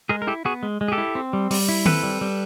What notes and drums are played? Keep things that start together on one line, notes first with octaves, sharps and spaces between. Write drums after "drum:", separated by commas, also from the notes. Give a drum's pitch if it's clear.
G#3 G#4 A#4
A#4
E4 G4 A4
B3 F#4 G#4
G#3
G#3
G#4
G4 A4
E4
C4
G3
G3, drum: open hi-hat
E4
C4 A4 B4, drum: tom D#3
G3
G3